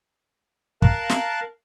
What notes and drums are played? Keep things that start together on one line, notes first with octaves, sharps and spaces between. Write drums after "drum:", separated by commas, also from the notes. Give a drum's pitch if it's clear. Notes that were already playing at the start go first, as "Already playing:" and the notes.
A#4 F5 A5 F#6, drum: kick
drum: snare